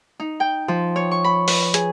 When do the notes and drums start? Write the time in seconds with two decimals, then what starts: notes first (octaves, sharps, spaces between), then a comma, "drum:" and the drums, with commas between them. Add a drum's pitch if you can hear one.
0.20 D#4
0.40 G5
0.68 F3
0.96 C#5
1.11 C#6
1.24 B5
1.48 B4, drum: open hi-hat
1.74 G#4, drum: hi-hat